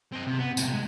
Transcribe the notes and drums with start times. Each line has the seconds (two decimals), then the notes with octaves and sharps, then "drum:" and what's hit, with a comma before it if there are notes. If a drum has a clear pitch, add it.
0.12 C4 D#5
0.27 C3
0.39 B3
0.57 A2 C3, drum: tambourine
0.73 G#3